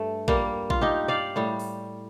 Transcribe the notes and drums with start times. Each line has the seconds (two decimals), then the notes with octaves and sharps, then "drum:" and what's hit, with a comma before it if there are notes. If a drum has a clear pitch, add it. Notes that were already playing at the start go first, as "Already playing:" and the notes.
Already playing: G2 A3
0.28 G3 A#3, drum: kick A#1
0.70 F4, drum: kick A#1
0.81 D#4 G4
1.08 D5 F5
1.36 A2 G3
1.60 drum: open hi-hat